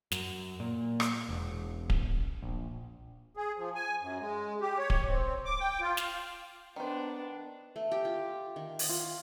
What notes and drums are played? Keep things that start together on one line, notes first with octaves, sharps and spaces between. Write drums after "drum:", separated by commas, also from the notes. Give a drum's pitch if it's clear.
F#2, drum: snare
A#2
drum: rim click
E1
drum: kick D1
A#1
G#4
F3
G#5
F#2
G#3
G4
C#5
drum: kick D1
C4
D6
G5
F4
F5, drum: snare
D#3 B3 D4 C5
A3
G4
F4
D#3
drum: open hi-hat
F4